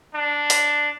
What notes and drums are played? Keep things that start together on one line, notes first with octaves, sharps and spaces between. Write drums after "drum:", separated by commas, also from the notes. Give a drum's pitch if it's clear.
D4
drum: open hi-hat